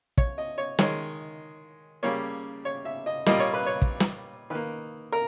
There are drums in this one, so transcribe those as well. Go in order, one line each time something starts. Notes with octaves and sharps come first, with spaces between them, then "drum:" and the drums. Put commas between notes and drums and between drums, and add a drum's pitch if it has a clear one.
C#5, drum: kick
D#5
C#5
D#3 G#3 C#5, drum: snare
C#3 G3 A#3 C#5
C#5
E5
D#5
A#2 G3 A#3 D#5, drum: snare
C#5
B4
C#5
drum: kick
drum: snare
D#3 A#3 B4
A#4